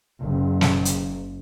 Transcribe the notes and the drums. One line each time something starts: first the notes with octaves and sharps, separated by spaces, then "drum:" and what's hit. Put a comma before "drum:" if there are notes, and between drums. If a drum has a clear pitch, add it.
F#1
drum: snare
drum: hi-hat